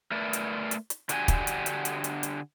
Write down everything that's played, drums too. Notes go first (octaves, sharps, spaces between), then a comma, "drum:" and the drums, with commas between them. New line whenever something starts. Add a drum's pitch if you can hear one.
A3 A#4 B4 D5
drum: hi-hat
drum: hi-hat
drum: hi-hat
D3 D4 F#4 G4 G#5, drum: hi-hat
drum: kick, hi-hat
drum: hi-hat
drum: hi-hat
drum: hi-hat
drum: hi-hat
drum: hi-hat